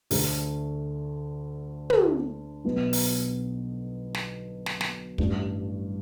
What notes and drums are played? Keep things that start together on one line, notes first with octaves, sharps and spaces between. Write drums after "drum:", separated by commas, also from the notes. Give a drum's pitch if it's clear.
D2 D3 A3 D4, drum: open hi-hat
drum: tom
B1 B2 B3
drum: open hi-hat
drum: snare
drum: snare
drum: snare
A1 G2 G3 D4, drum: kick